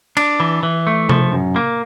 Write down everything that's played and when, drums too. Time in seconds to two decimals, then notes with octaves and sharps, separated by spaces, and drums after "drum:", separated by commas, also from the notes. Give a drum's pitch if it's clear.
0.17 D4, drum: cymbal
0.40 E3
0.63 E3
0.87 A3
1.09 F3, drum: tom C3
1.32 F#2
1.56 A#3